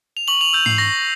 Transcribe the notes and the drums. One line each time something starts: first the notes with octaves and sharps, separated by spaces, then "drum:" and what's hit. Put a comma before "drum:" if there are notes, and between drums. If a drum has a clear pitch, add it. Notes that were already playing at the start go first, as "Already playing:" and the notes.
F7
C#6 F#7
F7
E6 G6 F7
C7, drum: tom G#2
C#6 A#6